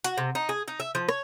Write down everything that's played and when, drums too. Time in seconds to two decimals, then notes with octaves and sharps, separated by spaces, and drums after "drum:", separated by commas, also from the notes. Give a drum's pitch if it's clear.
0.04 F#4, drum: hi-hat
0.18 C3
0.35 D#4
0.49 G#4
0.68 D#4
0.80 E5
0.95 F3
1.09 C#5, drum: rim click